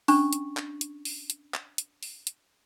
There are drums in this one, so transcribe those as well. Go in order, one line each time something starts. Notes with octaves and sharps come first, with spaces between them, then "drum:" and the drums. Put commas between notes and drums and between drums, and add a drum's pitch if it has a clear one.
C#4 D4 C#6, drum: open hi-hat
drum: hi-hat
drum: clap
drum: hi-hat
drum: open hi-hat
drum: hi-hat
drum: clap
drum: hi-hat
drum: open hi-hat
drum: hi-hat